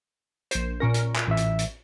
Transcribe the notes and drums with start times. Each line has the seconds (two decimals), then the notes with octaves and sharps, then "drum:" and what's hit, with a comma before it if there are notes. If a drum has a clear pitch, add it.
0.51 A#1 C5, drum: hi-hat
0.80 A#2 C#4 A#4
0.94 drum: hi-hat
1.16 drum: clap
1.27 A1 E5
1.37 drum: hi-hat
1.59 drum: hi-hat